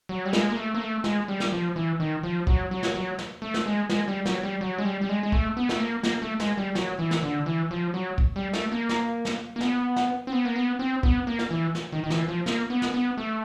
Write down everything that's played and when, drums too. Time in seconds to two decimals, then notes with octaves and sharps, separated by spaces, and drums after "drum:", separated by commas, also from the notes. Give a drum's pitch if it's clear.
0.09 F#3
0.25 G3
0.33 G#3, drum: snare
0.50 A#3
0.57 A3
0.75 A#3
0.81 A3
1.04 G#3, drum: snare
1.28 G3
1.40 drum: snare
1.52 F3
1.76 E3
2.00 D#3
2.23 F3
2.47 F#3, drum: kick
2.71 F#3
2.83 drum: snare
2.95 F#3
3.19 drum: snare
3.42 A3
3.54 drum: snare
3.66 G#3
3.90 G#3, drum: snare
4.08 G3
4.26 F#3, drum: snare
4.43 G3
4.61 F#3
4.78 G#3
4.85 G3
5.01 G3
5.09 G#3
5.23 G#3
5.32 A3, drum: kick
5.57 B3
5.69 A3, drum: snare
5.80 A#3
6.03 A#3, drum: snare
6.22 A3
6.40 G#3, drum: snare
6.57 G3
6.75 F#3, drum: snare
6.99 E3
7.11 drum: snare
7.23 D3
7.46 E3
7.71 F3
7.94 F#3
8.18 drum: kick
8.36 G3
8.53 A3, drum: snare
8.72 A#3
8.89 drum: snare
9.25 drum: snare
9.56 A#3
9.61 B3, drum: snare
9.96 drum: snare
10.27 C4
10.32 B3
10.45 A#3
10.56 B3
10.79 C4
11.03 B3, drum: kick
11.27 A#3
11.39 drum: snare
11.51 E3
11.75 drum: snare
11.93 D#3
12.04 D#3
12.10 E3, drum: snare
12.28 F3
12.46 A#3, drum: snare
12.70 B3
12.82 drum: snare
12.94 B3
13.17 A3